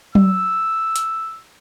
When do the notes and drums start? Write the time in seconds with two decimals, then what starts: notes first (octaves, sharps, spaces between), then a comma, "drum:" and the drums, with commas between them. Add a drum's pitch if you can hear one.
0.15 E6, drum: tom F#3
0.96 drum: hi-hat